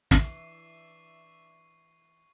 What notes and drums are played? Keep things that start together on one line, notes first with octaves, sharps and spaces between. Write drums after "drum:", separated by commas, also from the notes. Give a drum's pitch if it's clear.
E3 D4 E5 C#6 C7, drum: snare